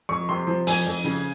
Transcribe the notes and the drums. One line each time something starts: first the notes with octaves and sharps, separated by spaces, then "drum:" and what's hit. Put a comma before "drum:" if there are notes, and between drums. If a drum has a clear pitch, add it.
F2 C#6
C3 C6
F3
F2 G#5, drum: hi-hat
F2
C#3